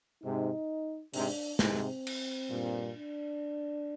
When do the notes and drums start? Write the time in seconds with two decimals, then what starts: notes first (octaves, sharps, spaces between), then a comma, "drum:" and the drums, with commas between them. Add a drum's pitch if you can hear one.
0.23 G#2 C3 D#4
1.14 G#2 C3 D4, drum: open hi-hat
1.59 G#2 C3 C4, drum: snare
2.07 drum: cymbal
2.49 G2 A#2
2.95 D4